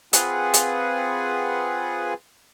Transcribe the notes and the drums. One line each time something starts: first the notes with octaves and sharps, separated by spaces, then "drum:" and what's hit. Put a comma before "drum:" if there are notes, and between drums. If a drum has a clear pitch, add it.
C4 F4 G#4 B4 F#5 G#5, drum: hi-hat
drum: hi-hat